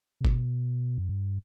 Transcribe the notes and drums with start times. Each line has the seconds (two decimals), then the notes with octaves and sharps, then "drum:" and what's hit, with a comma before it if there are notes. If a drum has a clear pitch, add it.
0.21 C3
0.25 B2, drum: kick G1
0.98 F#2
1.09 G2